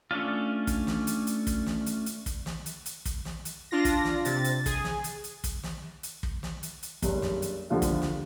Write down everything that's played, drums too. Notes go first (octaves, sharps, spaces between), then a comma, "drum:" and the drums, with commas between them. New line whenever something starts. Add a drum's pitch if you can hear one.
A3 C#4 D4 F4
drum: kick, hi-hat
drum: snare
drum: hi-hat
drum: hi-hat
drum: kick, hi-hat
drum: snare
drum: hi-hat
drum: hi-hat
drum: kick, hi-hat
drum: snare
drum: hi-hat
drum: hi-hat
drum: kick, hi-hat
drum: snare
drum: hi-hat
D4 F4 A#6
drum: kick, hi-hat
drum: snare
C3 A6, drum: hi-hat
drum: hi-hat
G#4, drum: kick, hi-hat
drum: snare
drum: hi-hat
drum: hi-hat
drum: kick, hi-hat
drum: snare
drum: hi-hat
drum: kick
drum: snare
drum: hi-hat
drum: hi-hat
F#1 G2, drum: kick, hi-hat
drum: snare
drum: hi-hat
D#2 D3 F3 F5
drum: kick, hi-hat
drum: snare